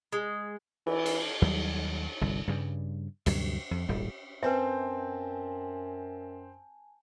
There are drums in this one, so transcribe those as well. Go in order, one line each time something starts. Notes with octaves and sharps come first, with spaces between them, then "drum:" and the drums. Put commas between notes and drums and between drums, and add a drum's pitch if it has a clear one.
G#3
E3, drum: cymbal
drum: cymbal
D#2 F#3 G3
G1 C2
G2 C#3 G3
D2 G2 C3 F#3, drum: cymbal
F2
D#1 G#1 G3
F#2 C4 B4 C5 E5 G#5 A5